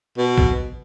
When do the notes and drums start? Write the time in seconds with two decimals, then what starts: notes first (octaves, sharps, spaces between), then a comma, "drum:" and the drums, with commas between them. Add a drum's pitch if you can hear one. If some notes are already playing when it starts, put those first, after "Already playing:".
0.17 B2
0.38 drum: kick A#1